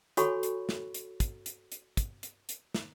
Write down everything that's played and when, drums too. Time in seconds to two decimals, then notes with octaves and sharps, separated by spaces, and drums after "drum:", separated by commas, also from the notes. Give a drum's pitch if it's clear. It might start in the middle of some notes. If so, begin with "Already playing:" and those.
0.17 F#4 A4 C#5 G#5 B5 C#6, drum: hi-hat
0.43 drum: hi-hat
0.69 drum: snare
0.94 drum: hi-hat
1.20 drum: kick, hi-hat
1.46 drum: hi-hat
1.72 drum: hi-hat
1.97 drum: kick, hi-hat
2.23 drum: hi-hat
2.49 drum: hi-hat
2.74 drum: snare